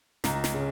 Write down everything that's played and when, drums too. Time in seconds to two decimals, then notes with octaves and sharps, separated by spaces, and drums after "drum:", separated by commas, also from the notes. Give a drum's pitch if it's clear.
0.24 C#2 A#5, drum: snare
0.44 drum: snare
0.53 C#3 G#3 C#4